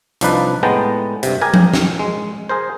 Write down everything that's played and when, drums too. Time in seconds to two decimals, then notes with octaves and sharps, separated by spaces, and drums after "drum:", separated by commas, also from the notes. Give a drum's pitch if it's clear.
0.21 C2 F3 D4 D#4 B4 D5, drum: hi-hat
0.63 A2 G#3 B3 G5 A5 A#5
1.23 G2 C3, drum: hi-hat
1.41 G4 G#4 A#4 G#5
1.54 drum: tom F3
1.74 drum: snare
1.99 G#3
2.49 G#4 A#4 C5